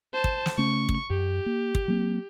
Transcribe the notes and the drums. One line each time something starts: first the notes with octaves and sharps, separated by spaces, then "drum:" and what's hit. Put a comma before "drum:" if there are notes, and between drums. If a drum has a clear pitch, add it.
C5 A5
drum: kick
drum: snare
C#3 A3 C#4 C#6
drum: kick
F#2 G4
A#3
drum: kick
F#3 A#3 C4